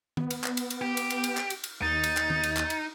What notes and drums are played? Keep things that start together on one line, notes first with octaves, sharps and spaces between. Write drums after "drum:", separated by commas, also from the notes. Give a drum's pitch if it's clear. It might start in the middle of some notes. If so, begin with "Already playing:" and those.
B3, drum: tom D#3
drum: cymbal
drum: clap
drum: cymbal
drum: cymbal
G4
drum: cymbal
drum: cymbal
drum: cymbal
drum: clap
drum: cymbal
drum: cymbal
D#2 D#4 A6
drum: cymbal
drum: clap
drum: tom D#3
drum: cymbal
drum: clap
drum: cymbal